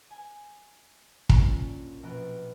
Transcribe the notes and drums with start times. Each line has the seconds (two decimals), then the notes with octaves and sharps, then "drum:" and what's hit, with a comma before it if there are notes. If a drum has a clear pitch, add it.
0.10 G#5
1.29 F#3 A#3 C#4 D4 F4, drum: kick
2.03 A#1 B2 A#4 G5 F#6 D7